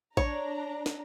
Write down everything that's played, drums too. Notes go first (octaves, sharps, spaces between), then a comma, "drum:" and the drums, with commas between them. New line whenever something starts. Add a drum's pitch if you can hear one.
D4 C#5 A#5, drum: kick A1
drum: snare